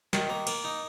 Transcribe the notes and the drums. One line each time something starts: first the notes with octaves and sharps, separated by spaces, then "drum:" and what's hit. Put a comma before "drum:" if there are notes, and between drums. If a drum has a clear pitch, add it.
D#3, drum: snare
A#3
A#3, drum: cymbal
D#4